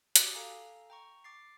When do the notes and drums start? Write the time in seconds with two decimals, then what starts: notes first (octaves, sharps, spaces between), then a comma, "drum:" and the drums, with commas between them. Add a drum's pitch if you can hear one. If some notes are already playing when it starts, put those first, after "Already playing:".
0.16 F#4 G4 D6 D#6, drum: hi-hat
0.35 A4 F5 G#5 A#5
0.90 G5 A#5 C#6
1.24 D6 A6 C7